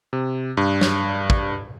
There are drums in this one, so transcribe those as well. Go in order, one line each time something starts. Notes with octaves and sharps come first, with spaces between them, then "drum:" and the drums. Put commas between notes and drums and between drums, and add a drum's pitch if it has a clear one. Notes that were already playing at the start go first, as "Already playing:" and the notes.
C3
G2
drum: snare
drum: kick